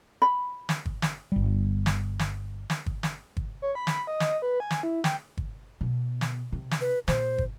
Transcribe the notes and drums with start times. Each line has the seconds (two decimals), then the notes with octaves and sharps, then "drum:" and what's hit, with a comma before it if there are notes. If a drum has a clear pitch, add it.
0.22 B5
0.69 drum: snare
0.86 drum: kick
1.02 drum: snare
1.32 G1 G3
1.86 drum: snare
2.19 drum: snare
2.70 drum: snare
2.86 drum: kick
3.03 drum: snare
3.37 drum: kick
3.62 C#5
3.75 B5
3.87 drum: snare
4.07 D#5
4.20 drum: snare
4.42 B4
4.60 G#5
4.71 drum: snare
4.83 E4
5.04 G5, drum: snare
5.37 drum: kick
5.81 B2
6.21 drum: snare
6.52 C3
6.71 drum: snare
6.81 B4
7.08 A#2 C5, drum: snare
7.38 drum: kick